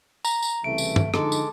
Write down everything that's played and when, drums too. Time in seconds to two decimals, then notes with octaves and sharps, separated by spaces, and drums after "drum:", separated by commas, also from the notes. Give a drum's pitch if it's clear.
0.25 A#5, drum: tambourine
0.42 drum: tambourine
0.64 C2 C#3 E3 A3 D7
0.78 drum: tambourine
0.96 drum: tom G2
1.14 D3 F3 G#3 D#4 A4 D6, drum: rim click
1.32 drum: tambourine